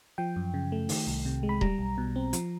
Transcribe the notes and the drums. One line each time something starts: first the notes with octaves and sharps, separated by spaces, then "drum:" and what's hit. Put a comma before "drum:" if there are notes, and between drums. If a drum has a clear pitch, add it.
F3 G5
F#2
C#3
A3
D#3, drum: open hi-hat
C2
C3
G#3
B5
G3 A#5, drum: kick D#1
B1
B2
C4
F3, drum: hi-hat